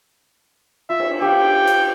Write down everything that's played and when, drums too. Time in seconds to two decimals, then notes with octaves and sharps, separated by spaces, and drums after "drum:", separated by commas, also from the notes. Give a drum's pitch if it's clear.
0.90 F4 E5
1.00 drum: cymbal
1.22 G4 F5 G5
1.67 drum: hi-hat